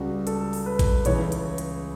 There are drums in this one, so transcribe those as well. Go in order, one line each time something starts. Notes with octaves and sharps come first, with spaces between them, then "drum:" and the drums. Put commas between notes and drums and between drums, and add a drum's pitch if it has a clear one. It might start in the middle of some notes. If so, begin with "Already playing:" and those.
Already playing: C#2 C#3 G3 F#4
A4, drum: hi-hat
drum: open hi-hat
B4
drum: kick A1, hi-hat
C#2 C#3 E3 C#5, drum: hi-hat
drum: hi-hat
drum: hi-hat